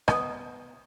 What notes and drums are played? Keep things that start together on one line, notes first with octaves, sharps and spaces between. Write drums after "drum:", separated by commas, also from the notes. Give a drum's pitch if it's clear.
B3 D#5, drum: rim click